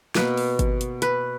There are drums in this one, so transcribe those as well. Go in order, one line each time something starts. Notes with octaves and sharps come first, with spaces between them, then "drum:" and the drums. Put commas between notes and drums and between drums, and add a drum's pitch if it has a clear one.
B2 A#3 B4, drum: snare
drum: open hi-hat
drum: kick G#1, hi-hat
drum: hi-hat
B4, drum: hi-hat